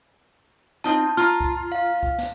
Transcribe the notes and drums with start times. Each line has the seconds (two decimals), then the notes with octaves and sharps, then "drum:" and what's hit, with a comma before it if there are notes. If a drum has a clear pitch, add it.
0.84 C4 D#4 F4 A5
1.17 F4 A#5 F6
1.40 drum: kick C2
1.72 F5
2.03 drum: kick C2
2.18 drum: snare